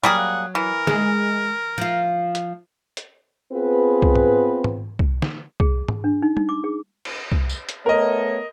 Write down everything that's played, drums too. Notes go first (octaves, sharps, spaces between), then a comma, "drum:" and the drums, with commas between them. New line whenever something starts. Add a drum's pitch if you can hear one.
F#3 G3 A#3 G#4 F5
F#5
E3 A#4
G#3, drum: snare
F3 F4
drum: hi-hat
drum: hi-hat
B3 C4 F4 G#4 B4
drum: kick C2
drum: tom G#2
drum: tom G#2
drum: kick C2
drum: snare
G#4, drum: kick C2
drum: tom G#2
D4
D#4
D#4, drum: tom G3
D6
G#4
drum: cymbal
drum: kick C2
drum: tambourine
drum: hi-hat
A3 B3 A#4 C#5 D#5